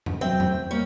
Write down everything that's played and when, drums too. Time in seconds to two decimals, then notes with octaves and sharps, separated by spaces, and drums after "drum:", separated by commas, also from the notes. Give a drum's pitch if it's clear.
0.06 drum: tom E2
0.21 F#3 C4 E5 G5
0.40 drum: tom E2
0.71 G3 A3 A#3 C#4